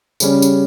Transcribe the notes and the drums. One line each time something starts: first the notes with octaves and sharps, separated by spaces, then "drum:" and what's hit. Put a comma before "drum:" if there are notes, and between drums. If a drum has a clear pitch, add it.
C#3 G3 C#4, drum: tambourine
drum: tambourine